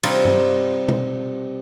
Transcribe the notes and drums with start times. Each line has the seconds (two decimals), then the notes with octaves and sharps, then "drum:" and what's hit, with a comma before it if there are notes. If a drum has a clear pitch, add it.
0.03 C3 G3 D#4 F4, drum: cymbal
0.25 drum: tom G2
0.88 drum: tom B2